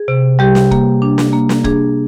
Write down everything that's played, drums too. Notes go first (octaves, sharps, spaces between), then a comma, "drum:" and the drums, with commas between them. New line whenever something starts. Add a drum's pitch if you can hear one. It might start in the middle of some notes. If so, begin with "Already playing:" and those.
Already playing: G#4
C3
G3 G4
drum: snare
A#3, drum: kick
D4
drum: snare
A#3
drum: snare
D4 G#4, drum: kick